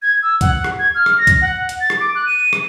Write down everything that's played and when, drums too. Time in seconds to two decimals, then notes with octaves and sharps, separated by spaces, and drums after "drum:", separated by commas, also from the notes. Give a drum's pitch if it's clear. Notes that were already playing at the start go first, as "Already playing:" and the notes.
0.02 G#6
0.23 E6
0.41 F#5, drum: kick, hi-hat
0.64 drum: rim click
0.79 G#6
0.95 F6
1.06 drum: rim click
1.18 A#6
1.27 drum: kick, hi-hat
1.41 F#5
1.69 drum: hi-hat
1.81 A6
1.90 drum: rim click
2.00 D6
2.15 F#6
2.26 D#7
2.53 drum: rim click